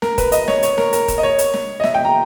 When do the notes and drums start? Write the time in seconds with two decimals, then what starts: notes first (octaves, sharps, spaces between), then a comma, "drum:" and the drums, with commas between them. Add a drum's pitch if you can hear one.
0.02 A#4, drum: snare
0.18 B4, drum: kick D#1, hi-hat
0.32 D#5, drum: hi-hat
0.48 C#5, drum: snare
0.63 C#5, drum: hi-hat
0.78 A#4, drum: snare
0.93 A#4, drum: hi-hat
1.08 drum: kick D#1, hi-hat
1.18 D#5
1.23 C#5
1.38 drum: hi-hat
1.54 drum: snare
1.80 D#5
1.84 E5, drum: snare
1.94 G5
2.05 A#5